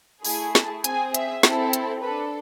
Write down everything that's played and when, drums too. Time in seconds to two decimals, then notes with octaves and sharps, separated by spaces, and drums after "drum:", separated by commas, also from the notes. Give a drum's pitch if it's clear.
0.25 A3 E4 G#4 G#5, drum: open hi-hat
0.55 A5, drum: snare
0.84 C4 G#4 G#5, drum: hi-hat
1.14 E5, drum: hi-hat
1.43 C4 E4 A4, drum: snare
1.73 drum: hi-hat
2.03 D4 A4 B4